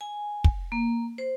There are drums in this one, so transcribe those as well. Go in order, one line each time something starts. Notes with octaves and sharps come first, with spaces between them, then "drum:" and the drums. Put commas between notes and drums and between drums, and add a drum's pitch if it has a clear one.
G#5
drum: kick
A#3
C5